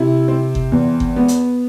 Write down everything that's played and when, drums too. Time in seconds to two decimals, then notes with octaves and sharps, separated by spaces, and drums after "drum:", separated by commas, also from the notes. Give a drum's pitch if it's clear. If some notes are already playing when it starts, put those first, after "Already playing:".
Already playing: C3 E4
0.28 C4
0.55 drum: kick G1
0.72 E2
1.00 drum: kick G1
1.16 B3
1.28 drum: hi-hat